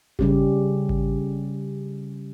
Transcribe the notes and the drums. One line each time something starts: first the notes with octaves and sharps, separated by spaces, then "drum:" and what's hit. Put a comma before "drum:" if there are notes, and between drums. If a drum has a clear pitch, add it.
C#3 G3 C#4 G4, drum: kick G#1
drum: kick G#1